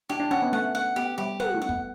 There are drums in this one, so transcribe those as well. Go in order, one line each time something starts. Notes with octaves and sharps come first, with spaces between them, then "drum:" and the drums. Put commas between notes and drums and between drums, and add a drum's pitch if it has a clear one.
D4 G4
D4
C#4 F#5
B3
A3 F#5
A3 F#5
B3 G4
G3 G4
F#5, drum: tom
A3
F#5
B3, drum: kick